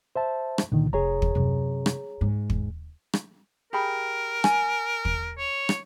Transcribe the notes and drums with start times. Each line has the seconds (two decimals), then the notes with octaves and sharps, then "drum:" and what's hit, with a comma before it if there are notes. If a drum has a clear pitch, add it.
0.16 C5 E5 A5
0.58 drum: rim click
0.72 C#2 A#2 D3 D#3
0.93 F1 G#4 C#5 A#5
1.22 drum: kick
1.35 F#2 C3
1.86 drum: rim click
2.21 G#2
2.50 drum: kick
3.13 drum: rim click
3.73 G4 G#4 A#4 B5
4.44 G#5, drum: rim click
5.05 drum: kick
5.38 C#5
5.69 drum: rim click